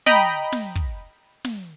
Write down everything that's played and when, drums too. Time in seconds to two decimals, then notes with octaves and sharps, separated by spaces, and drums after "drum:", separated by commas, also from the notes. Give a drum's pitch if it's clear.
0.06 D#5 G5 A#5 B5, drum: snare
0.52 drum: snare
0.75 drum: kick
1.45 drum: snare